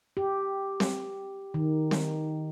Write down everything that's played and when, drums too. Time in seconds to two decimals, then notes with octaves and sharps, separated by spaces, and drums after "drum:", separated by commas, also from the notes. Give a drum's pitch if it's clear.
0.17 G4
0.80 drum: snare C4
1.54 D#3
1.91 drum: snare C4